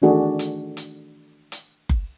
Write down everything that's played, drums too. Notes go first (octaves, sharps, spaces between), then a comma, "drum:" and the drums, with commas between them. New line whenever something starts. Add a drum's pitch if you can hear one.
D#3 E3 A3 D4 F#4 G#4
drum: hi-hat
drum: hi-hat
drum: hi-hat
drum: kick F#1